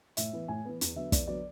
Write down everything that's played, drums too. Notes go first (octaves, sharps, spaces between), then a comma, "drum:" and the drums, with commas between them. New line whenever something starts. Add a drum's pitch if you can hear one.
A2 E5, drum: hi-hat
E3 B3
A2 G#5
E3 B3
E2, drum: hi-hat
D3 F#3 B3 E5
E2 D5, drum: kick, hi-hat
D3 F#3 B3 D5